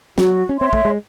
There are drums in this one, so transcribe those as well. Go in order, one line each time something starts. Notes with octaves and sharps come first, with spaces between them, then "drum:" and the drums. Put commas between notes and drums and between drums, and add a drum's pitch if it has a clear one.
F#3 F#4, drum: snare
C#4
C4 C#5 E5 C6
A3, drum: kick
G#3